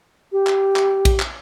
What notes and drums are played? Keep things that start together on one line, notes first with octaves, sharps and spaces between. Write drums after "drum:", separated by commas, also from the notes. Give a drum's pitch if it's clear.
G4
drum: clap
drum: clap
drum: kick A#1, cymbal
drum: clap